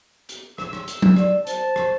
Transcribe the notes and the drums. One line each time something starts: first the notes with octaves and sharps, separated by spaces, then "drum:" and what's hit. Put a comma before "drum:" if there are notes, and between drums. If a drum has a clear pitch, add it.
drum: hi-hat
E6, drum: rim click
drum: rim click
drum: hi-hat
drum: tom F#3
D5, drum: rim click
C5 A5, drum: hi-hat
drum: rim click